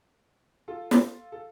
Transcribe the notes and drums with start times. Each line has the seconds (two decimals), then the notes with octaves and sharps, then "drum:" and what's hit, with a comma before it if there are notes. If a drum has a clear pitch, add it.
0.68 F4 A4
0.91 drum: snare
1.32 A4